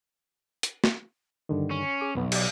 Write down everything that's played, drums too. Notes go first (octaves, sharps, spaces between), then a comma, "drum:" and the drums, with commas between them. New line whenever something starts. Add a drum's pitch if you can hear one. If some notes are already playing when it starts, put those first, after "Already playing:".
drum: hi-hat
drum: snare
G2 D3 D#3
C#4
G#4 D6
B1 F2 B3
G4 D5, drum: cymbal